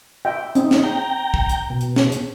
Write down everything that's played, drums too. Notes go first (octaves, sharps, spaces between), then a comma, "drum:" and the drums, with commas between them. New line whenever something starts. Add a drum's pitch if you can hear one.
E5 G5
C4 D#4, drum: hi-hat
drum: snare
G5 A#5
drum: kick
drum: hi-hat
B2
drum: hi-hat
drum: snare
drum: hi-hat